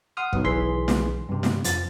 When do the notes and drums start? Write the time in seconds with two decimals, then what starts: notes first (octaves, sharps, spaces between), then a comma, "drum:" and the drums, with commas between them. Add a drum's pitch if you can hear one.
0.17 F#5 C6 D#6 F6
0.33 B1 B2 D#3, drum: kick
0.44 B1 E3 G#4 C6 B6
0.88 drum: snare
1.29 G2 C3
1.43 drum: snare
1.64 F2 F3 A6, drum: hi-hat